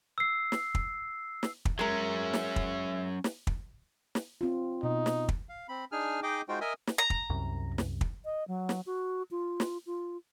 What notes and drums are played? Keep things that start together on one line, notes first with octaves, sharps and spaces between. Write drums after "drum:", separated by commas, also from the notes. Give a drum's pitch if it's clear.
E6 C7
drum: snare
drum: kick
drum: snare
drum: kick
F#3 G#3 C#4 A#4 E5
drum: snare
drum: kick
drum: snare
drum: kick
drum: snare
C4 F4
B2 D#4
drum: snare
drum: kick
F5
C4 B5
D4 D#4 G#4 G#5 F6
D#4 G#4 D#5 G5 D6
G#3 D#4 F4 F#4 C5 G5
A#4 D#5 E5 G#5 D#6
drum: snare
A#5
drum: kick
C2 F#2
drum: snare
drum: kick
D#5
F#3
drum: snare
F#4
F4
drum: snare
F4